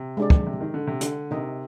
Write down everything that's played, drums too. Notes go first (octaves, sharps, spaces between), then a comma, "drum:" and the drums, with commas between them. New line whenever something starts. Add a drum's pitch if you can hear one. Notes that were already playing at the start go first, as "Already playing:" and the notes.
Already playing: C3
G#3 D4 G4 D5
drum: kick
C3
D#3
D3
C3
D3, drum: hi-hat
C3 D#4 A#4 D#5